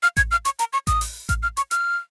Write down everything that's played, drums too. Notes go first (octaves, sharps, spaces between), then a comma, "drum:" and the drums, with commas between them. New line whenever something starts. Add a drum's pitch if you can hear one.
F6
G#6, drum: kick A1, hi-hat
F6
C#6, drum: hi-hat
A#5, drum: hi-hat
C#6
D#6, drum: kick A1, hi-hat
drum: open hi-hat
F6, drum: kick A1, hi-hat
F6
C#6, drum: hi-hat
F6, drum: hi-hat